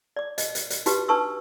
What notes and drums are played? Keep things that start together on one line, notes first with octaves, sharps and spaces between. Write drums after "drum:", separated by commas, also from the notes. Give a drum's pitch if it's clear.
D5 D6
D#5, drum: hi-hat
drum: hi-hat
drum: hi-hat
D#4 F#4 G4 B4, drum: hi-hat
D4 B4 A5 C#6 E6